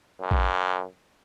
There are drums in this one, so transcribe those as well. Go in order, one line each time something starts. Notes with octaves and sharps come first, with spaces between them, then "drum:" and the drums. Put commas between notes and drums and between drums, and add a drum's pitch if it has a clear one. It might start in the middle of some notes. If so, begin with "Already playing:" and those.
F#2
drum: kick A1